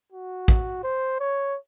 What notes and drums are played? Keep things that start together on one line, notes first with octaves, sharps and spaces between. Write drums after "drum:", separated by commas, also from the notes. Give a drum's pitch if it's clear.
F#4
drum: kick A1
C5
C#5